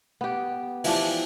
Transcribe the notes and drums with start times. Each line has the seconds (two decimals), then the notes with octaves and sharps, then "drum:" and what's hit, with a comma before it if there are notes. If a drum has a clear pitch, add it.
0.21 B3 G4
0.84 E3 F3 D4 G4, drum: open hi-hat